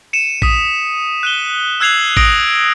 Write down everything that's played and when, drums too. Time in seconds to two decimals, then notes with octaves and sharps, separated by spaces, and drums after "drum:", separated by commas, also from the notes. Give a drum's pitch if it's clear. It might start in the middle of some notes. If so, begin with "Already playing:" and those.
0.13 C#7 D#7 E7
0.42 D#6 B6, drum: kick
1.23 F#6 D#7 G7
1.80 E6 F#6 G#6 C7 F7 F#7
2.17 D#6 A#6 D7, drum: kick